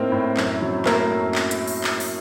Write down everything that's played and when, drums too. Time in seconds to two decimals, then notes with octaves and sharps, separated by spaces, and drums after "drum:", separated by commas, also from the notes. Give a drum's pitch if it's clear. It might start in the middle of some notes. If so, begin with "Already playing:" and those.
Already playing: A2 A#3 C4 D#4 A#4
0.12 A2
0.37 F#2, drum: clap
0.62 F#3
0.85 A3 A#3 A#4, drum: clap
1.10 F#2
1.35 drum: clap
1.51 drum: hi-hat
1.67 drum: open hi-hat
1.84 drum: clap
2.00 drum: open hi-hat